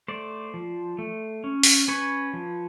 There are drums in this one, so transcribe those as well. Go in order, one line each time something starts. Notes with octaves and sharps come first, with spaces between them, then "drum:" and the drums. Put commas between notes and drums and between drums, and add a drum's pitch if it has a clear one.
A3 C5 D5
F3
A3
C#4
drum: open hi-hat
C#4 B4 C#5
F3